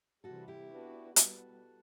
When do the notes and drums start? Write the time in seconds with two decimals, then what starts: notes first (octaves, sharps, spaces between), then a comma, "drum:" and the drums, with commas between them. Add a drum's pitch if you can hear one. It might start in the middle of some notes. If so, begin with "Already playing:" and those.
0.24 C3 E3 G3 F#4 A4
0.48 E4 G4
0.70 B3 D4 F#4 B4
1.16 B2 G3 B3 F#4 A4, drum: hi-hat